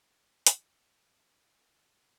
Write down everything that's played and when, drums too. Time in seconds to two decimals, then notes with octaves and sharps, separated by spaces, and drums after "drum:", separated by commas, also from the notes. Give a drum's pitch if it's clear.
0.09 D6
0.47 drum: hi-hat
0.82 E7
1.50 G#5